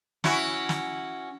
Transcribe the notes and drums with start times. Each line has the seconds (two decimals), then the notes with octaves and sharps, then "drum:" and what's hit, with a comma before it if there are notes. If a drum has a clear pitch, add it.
0.24 C#4 E4 F#4, drum: snare
0.69 drum: snare